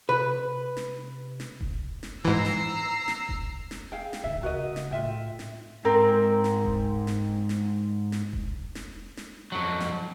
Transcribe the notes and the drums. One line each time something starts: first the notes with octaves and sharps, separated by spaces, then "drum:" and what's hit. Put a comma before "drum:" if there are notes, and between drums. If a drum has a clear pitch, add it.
C3 B4
drum: snare
drum: snare
drum: kick E1
drum: snare
G#2 E3 A#5 E6 C7
drum: snare
drum: snare
drum: kick E1
drum: snare
G#4 F5 G5
drum: snare
D1 D3 E5
C#3 F#4 A#4 D#5
drum: snare
A2 F4 E5 G5
drum: snare
G#2 C4 A#4
drum: snare
drum: kick E1
drum: snare
drum: snare
drum: snare
drum: kick E1
drum: snare
drum: snare
F2 F#3
drum: snare